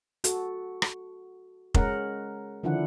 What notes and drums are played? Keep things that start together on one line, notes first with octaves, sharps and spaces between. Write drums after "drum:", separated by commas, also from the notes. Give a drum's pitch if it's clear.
F#4 A4, drum: hi-hat
drum: rim click
G#3 C#4 A#4 F#5, drum: kick F1
D3 D#3 F3 D4 E4 F#5